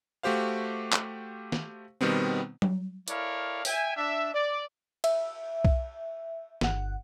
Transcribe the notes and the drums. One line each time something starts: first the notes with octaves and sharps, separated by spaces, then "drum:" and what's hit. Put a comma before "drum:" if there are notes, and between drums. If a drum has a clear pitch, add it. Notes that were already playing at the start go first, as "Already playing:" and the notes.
A3 F#4 G4 C5 F5
drum: clap
drum: snare
B2 D#3 G3 B3 C4
drum: tom F#3
E4 A4 A#4 C#5 D5 F5, drum: hi-hat
E5 G5 G#5, drum: open hi-hat
D4 E5
D5
E5, drum: cymbal
drum: kick B1
G1 F#5, drum: snare